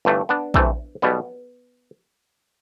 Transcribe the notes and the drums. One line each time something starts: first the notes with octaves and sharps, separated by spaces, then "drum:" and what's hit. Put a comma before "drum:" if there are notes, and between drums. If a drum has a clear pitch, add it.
G1 G2 E3 A3
B3 D4
D2 C3 E3 A3, drum: kick A#1
B1 B2 G3 B3